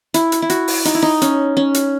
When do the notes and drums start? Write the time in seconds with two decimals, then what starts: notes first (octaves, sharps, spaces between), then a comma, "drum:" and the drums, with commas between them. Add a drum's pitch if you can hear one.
0.14 E4, drum: hi-hat
0.32 drum: hi-hat
0.42 E4
0.50 F#4, drum: hi-hat
0.68 drum: open hi-hat
0.85 D#4, drum: hi-hat
0.95 E4
1.02 D#4
1.22 C#4, drum: hi-hat
1.57 C#4
1.74 drum: hi-hat